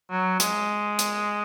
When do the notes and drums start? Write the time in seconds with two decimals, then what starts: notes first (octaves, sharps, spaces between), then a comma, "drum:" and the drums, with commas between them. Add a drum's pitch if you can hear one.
0.11 F#3
0.40 G#3, drum: hi-hat
0.99 drum: hi-hat